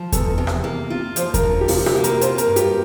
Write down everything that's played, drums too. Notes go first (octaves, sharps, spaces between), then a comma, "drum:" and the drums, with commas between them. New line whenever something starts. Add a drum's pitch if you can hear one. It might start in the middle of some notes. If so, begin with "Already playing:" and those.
Already playing: F3
E2 A4, drum: kick E2, hi-hat
C3
drum: rim click
A#3
F4
F3 C5, drum: hi-hat
A#4, drum: kick E2, hi-hat
D3
G4
C3 F4, drum: open hi-hat
G4, drum: rim click
A#3
A#4, drum: hi-hat
F4 C5, drum: hi-hat
A#4, drum: hi-hat
G2
G4, drum: hi-hat